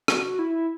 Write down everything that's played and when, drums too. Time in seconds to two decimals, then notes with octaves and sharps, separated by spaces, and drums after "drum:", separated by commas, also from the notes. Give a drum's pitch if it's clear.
0.08 F#4, drum: rim click
0.39 E4